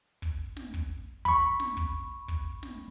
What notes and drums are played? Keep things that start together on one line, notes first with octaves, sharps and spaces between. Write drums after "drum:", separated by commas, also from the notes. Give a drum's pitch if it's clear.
drum: kick
drum: snare
drum: kick
B5 C#6, drum: kick
drum: snare
drum: kick
drum: kick
drum: snare